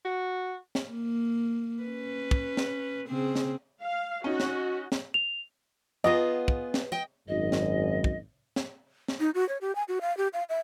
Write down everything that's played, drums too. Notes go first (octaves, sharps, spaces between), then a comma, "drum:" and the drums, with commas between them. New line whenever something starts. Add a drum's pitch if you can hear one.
F#4
drum: snare
A#3
C#4 B4
drum: kick
drum: snare
C#3 C4 G#4
drum: snare
F5
C#4 D#4 F#4
drum: snare
drum: snare
F7
B3 F4 G#4 D#5
drum: kick
drum: snare
D#5 G5
G#1 F#2 D#5
drum: snare
drum: kick
drum: snare
drum: snare
D#4
F#4
C#5
G4
G#5
F#4
F5
G4
F5
E5